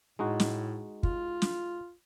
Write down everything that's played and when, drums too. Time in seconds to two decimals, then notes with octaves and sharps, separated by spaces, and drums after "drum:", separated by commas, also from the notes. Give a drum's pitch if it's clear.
0.19 A2 G#3 D#4 F#4
0.40 drum: snare
1.03 F4, drum: kick
1.42 drum: snare